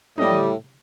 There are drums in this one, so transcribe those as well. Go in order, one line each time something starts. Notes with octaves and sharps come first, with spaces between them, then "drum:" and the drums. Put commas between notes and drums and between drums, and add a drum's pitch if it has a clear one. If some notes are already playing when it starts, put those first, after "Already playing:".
A2 G3 D#5, drum: tom